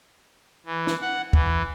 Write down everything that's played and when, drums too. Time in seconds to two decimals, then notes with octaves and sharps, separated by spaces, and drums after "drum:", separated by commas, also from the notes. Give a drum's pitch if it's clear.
0.66 E3
0.87 drum: snare
1.01 F#5
1.33 E3, drum: kick